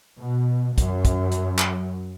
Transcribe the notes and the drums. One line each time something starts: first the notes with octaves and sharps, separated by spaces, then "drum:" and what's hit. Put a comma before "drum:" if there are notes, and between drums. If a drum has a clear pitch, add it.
B2
F#2, drum: kick, hi-hat
drum: kick, hi-hat
drum: hi-hat
drum: clap